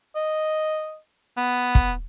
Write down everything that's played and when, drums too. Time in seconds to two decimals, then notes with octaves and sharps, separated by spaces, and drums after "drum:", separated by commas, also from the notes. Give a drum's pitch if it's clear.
0.16 D#5
1.37 B3
1.75 drum: kick